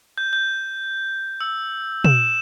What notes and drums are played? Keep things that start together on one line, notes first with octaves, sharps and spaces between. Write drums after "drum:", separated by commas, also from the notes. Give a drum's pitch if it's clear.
G6
G6
E6
E7, drum: tom